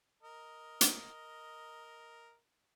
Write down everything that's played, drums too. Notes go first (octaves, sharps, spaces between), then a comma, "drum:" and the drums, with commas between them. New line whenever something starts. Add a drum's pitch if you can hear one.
A#4 D#5
drum: hi-hat